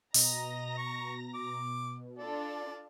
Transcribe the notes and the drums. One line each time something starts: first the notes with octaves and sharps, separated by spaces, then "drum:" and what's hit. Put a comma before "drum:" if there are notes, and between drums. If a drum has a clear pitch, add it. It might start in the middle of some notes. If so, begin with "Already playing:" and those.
B2 D#5 A#5 A#6, drum: open hi-hat
C#6
D6
D4 F4 A4 D5